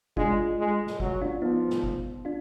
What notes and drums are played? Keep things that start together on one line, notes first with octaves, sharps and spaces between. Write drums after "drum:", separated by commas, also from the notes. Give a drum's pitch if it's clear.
G#3 D4 F4, drum: kick
G#3
drum: snare
F#3, drum: kick
D4 F4
F3 B3 D#4
drum: snare
drum: kick
D4 F4